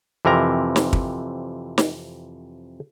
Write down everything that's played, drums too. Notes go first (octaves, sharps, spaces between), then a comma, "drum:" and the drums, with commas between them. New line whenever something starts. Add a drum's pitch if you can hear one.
F2 C3 E3 A#4 A#5
drum: snare
drum: kick
drum: snare